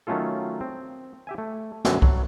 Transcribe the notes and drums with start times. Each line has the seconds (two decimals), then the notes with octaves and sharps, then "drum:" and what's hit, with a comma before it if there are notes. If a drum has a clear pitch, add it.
0.07 D#3 F#3 A3 C#4 F4 A4
0.61 C4
1.27 G4 E5 G#5
1.38 A3
1.85 F#2 B2 D3 F#3 A3 D4, drum: snare
2.02 F#3, drum: kick C2